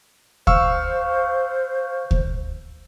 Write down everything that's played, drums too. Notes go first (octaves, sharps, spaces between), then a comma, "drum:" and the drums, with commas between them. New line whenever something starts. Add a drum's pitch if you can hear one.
C5 F5 C#6 E6, drum: kick D2
drum: kick D2